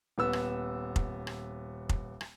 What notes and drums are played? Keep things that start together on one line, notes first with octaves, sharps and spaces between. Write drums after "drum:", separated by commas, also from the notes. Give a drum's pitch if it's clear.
D#1 B3 E6
drum: rim click
drum: kick F1
drum: rim click
drum: kick F1
drum: rim click